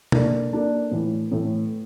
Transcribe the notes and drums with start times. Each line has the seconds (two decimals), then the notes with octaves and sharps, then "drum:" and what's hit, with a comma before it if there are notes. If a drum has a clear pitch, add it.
0.12 A#3 D4 A4 D5, drum: tom B2
0.52 A#3 D4 A4 D5
0.91 A2 E3 A3
1.32 A2 E3 A3